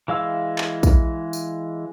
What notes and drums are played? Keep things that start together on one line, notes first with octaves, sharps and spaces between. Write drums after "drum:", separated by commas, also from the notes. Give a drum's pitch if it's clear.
E3 G#3 F5 E6
drum: clap
drum: kick, tambourine
drum: tambourine